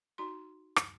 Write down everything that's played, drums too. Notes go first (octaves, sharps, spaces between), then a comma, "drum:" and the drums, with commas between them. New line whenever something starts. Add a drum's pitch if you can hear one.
D#4 F#4 C6
drum: rim click